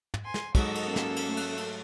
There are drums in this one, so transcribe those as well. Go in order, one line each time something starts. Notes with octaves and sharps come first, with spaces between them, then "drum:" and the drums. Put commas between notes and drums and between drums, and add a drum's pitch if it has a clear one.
drum: tom
G#5 C6
drum: snare
G#2 F#3 A4 D#5 E6, drum: kick, cymbal
drum: cymbal
A#3 C#4
drum: snare
drum: cymbal
A3
drum: cymbal
drum: cymbal